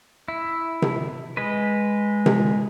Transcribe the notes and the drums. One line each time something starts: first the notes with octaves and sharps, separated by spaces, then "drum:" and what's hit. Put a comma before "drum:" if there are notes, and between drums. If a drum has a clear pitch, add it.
E4
drum: tom C3
G#3 B4
drum: tom C3